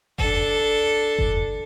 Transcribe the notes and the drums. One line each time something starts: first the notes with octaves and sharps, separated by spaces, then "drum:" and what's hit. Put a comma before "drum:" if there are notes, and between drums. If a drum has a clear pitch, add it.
D4 A4, drum: kick F#1
drum: kick F#1